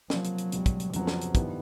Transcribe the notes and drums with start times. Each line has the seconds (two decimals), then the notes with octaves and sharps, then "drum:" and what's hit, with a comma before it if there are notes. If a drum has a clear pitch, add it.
0.10 C3 F3 F#3 A#3, drum: snare
0.24 drum: hi-hat
0.38 drum: hi-hat
0.52 C#2 B2 G3, drum: hi-hat
0.66 drum: kick, hi-hat
0.80 drum: hi-hat
0.93 F2 C#3 F3 F#3 B3, drum: hi-hat
1.07 drum: snare
1.21 drum: hi-hat
1.35 G2 D#3 G3 B3 E4, drum: kick, hi-hat